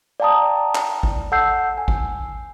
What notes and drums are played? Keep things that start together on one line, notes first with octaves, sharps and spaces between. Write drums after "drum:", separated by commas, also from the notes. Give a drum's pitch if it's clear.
D5 F5 G5 A5 A#5 D#6
drum: clap
drum: kick G#1
A4 F#5 A5 E6 G6 C7
G#5
drum: kick G#1